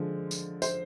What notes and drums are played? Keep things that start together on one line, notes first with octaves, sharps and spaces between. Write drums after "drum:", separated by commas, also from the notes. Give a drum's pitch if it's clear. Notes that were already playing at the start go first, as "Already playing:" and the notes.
Already playing: D3 F3 G#3
drum: tambourine
C5, drum: tambourine